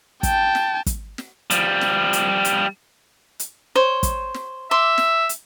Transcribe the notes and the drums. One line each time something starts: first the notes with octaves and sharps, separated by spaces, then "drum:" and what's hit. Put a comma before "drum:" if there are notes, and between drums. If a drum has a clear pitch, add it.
G5 A5, drum: kick, hi-hat
drum: snare
drum: kick, hi-hat
drum: snare
F3 G3, drum: hi-hat
drum: snare
drum: hi-hat
drum: hi-hat
drum: hi-hat
C5 C#5
drum: kick, hi-hat
drum: snare
E5 C6 D6
drum: snare
drum: hi-hat